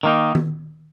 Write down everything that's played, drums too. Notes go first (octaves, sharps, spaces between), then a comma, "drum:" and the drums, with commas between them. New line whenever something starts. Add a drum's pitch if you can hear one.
D#3 A#3 D#4
drum: tom D#3